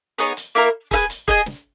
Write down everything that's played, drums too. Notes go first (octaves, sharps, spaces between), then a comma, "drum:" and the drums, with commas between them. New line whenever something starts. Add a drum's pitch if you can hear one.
B3 D#4 G#4 C#5, drum: hi-hat
drum: hi-hat
A#3 E4 A#4
G#4 B4 E5 G#5, drum: kick, hi-hat
drum: hi-hat
G#4 D#5 G#5, drum: kick
drum: snare